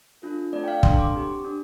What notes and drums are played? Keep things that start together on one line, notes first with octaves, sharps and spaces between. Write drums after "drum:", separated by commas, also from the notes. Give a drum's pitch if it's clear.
D4 F4 A4
A3 C4 A4 D5
G5
F5
D4 A4 C6, drum: kick
D6
C4 G4
D4